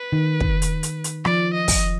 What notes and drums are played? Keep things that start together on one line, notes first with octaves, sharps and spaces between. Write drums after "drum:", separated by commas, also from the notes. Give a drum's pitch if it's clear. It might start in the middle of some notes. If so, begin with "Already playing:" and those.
Already playing: B4
D#3
drum: kick
drum: hi-hat
drum: hi-hat
drum: hi-hat
F3 D5, drum: rim click
D#5
drum: kick, open hi-hat